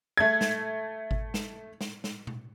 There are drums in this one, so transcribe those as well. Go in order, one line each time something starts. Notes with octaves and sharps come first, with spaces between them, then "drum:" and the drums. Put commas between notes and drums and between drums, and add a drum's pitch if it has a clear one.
A3 G#6
drum: snare
drum: kick G#1
drum: snare
drum: snare
drum: snare
drum: tom B2